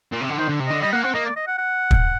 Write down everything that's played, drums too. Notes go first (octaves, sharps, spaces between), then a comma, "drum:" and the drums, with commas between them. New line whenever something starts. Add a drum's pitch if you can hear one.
A#2
C3
D3
D#3 C5
D3
C3
D3 D#5
G3 D#5
A#3 F#5
C4 F#5
A#3 D#5
D5
D#5
F#5
F#5
drum: kick